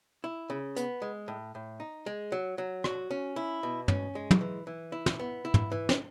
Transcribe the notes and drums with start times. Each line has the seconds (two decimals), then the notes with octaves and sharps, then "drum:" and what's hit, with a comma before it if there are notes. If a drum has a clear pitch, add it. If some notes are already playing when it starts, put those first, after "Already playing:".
0.24 E4
0.50 C#3
0.76 B3, drum: hi-hat
1.02 G#3
1.28 A2
1.55 A2
1.80 D#4
2.06 G#3
2.32 F#3
2.58 F#3
2.84 F#4, drum: rim click
3.11 C#4
3.36 E4
3.63 B2
3.88 C#4, drum: tom
4.15 G#3
4.31 drum: tom
4.41 E3
4.67 E3
4.92 E4
5.06 drum: snare
5.19 B3
5.45 E4
5.54 drum: tom
5.72 E3
5.89 drum: snare